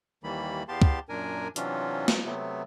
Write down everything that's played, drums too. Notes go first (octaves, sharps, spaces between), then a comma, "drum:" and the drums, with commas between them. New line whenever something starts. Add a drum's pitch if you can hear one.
D#2 D#3 E3 G3 A#3 B5
E2 B3 G4 F5 A5 C6
drum: kick
F#2 A#2 D4 A#4 G#5
C3 E3 F#3 C#4 D4 F4, drum: hi-hat
drum: snare
C3 F#3 A3 B3